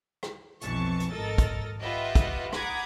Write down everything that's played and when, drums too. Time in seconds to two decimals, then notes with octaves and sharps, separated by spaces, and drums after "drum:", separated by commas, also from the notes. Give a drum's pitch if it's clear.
0.23 drum: rim click
0.61 B1 F2 E3 A5 C#6, drum: hi-hat
1.00 drum: hi-hat
1.12 G#1 A4 A#4 D#5 A6
1.38 drum: kick, hi-hat
1.81 F4 G4 B4 D#5 E5 F#5
2.15 drum: kick, hi-hat
2.53 F#5 A#5 B5 D6 D#6 G#6, drum: rim click